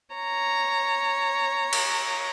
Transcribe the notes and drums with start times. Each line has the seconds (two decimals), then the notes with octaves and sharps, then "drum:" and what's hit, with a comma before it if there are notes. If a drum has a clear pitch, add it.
0.15 C#5 A#5
1.73 drum: cymbal